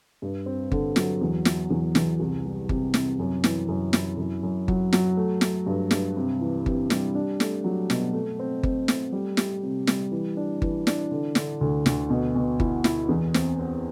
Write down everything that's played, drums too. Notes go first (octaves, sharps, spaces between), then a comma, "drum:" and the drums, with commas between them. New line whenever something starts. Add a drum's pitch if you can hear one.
G2
C4
D3, drum: kick G1
F#3, drum: snare
E2
F#3, drum: snare
E2
E2, drum: snare
C2
G3
C3, drum: kick G1
C3, drum: snare
F#2
E3, drum: snare
F#2
E4, drum: snare
F#2
F#2
F#3, drum: kick G1
F#3, drum: snare
A3
A3, drum: snare
G2
G2, drum: snare
C3
E3
C3, drum: kick G1
G3, drum: snare
D4
A3, drum: snare
F#3
B2, drum: snare
A3
C4
C4, drum: kick G1
A3, drum: snare
G3
G3, drum: snare
C3
G3, drum: snare
E3
D4
E3, drum: kick G1
D4, drum: snare
D3
D3, drum: snare
D2
D2, drum: snare
B2
B2
E4, drum: kick G1
E4, drum: snare
E2
C4, drum: snare
C4